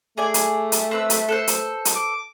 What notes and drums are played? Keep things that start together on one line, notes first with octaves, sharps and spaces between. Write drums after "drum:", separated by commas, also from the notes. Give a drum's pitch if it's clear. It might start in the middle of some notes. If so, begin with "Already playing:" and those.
A3 G#4 D5 G#5
drum: hi-hat
drum: hi-hat
C4 B4 E6
drum: hi-hat
A4 B4 C5
drum: hi-hat
drum: hi-hat
D6